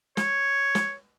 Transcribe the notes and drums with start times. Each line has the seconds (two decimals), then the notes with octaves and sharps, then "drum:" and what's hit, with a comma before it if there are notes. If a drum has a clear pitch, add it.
0.17 C#5, drum: snare
0.75 drum: snare